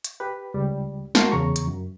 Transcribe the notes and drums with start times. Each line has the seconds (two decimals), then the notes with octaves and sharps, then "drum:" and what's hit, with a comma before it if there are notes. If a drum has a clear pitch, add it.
0.05 drum: hi-hat
0.20 G4 B4
0.54 C#2 G3
1.15 F#4 A#4 F5 A5 C6, drum: snare
1.32 E2 C#3 A#5 C#6
1.56 drum: hi-hat
1.67 F#2